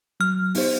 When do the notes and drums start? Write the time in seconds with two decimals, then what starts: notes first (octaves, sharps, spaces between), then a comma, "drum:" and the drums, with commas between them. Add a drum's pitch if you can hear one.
0.20 F#3 F6
0.55 B3 D#4 G4 C5, drum: open hi-hat